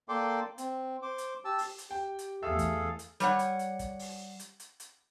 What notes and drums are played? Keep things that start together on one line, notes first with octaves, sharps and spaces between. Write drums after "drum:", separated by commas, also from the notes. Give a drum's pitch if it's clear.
A#3 A4 D5 G5 C6 D6
C4, drum: hi-hat
C5 D6
drum: hi-hat
G4 A5 E6
drum: open hi-hat
drum: hi-hat
G4 G5
drum: hi-hat
E2 A3 G#4 A4 E5 F5 E6
drum: kick, hi-hat
drum: hi-hat
G3 C#5 F#5, drum: hi-hat
drum: hi-hat
drum: hi-hat
drum: kick, hi-hat
drum: open hi-hat
drum: hi-hat
drum: hi-hat
drum: hi-hat